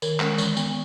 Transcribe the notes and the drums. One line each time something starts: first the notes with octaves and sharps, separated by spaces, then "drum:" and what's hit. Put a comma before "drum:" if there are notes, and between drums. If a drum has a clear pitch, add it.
D#3 A#4, drum: tambourine
G#3 C#4, drum: clap
E3, drum: tambourine
B3, drum: tambourine